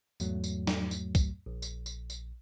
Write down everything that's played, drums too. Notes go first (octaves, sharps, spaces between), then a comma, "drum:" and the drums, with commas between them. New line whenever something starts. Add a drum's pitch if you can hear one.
E2 G#2 F#3 A3, drum: tambourine
drum: tambourine
drum: snare
drum: tambourine
drum: kick, tambourine
A#1
drum: tambourine
drum: tambourine
drum: tambourine